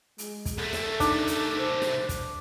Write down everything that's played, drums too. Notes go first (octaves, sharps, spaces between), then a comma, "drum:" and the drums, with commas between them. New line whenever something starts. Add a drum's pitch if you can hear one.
G#3, drum: hi-hat
drum: kick, hi-hat
C2 A3 A4
drum: snare
D4 D#4, drum: kick, hi-hat
drum: hi-hat
C5
drum: snare
drum: kick, hi-hat